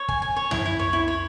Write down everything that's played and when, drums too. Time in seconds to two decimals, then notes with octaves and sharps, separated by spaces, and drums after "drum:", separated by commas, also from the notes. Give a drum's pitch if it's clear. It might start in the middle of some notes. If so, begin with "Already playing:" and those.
Already playing: C#5
0.08 G#5, drum: kick
0.22 G#5
0.36 C#5
0.51 E4, drum: tom
0.66 E4
0.79 C#5
0.93 E4
1.08 C#5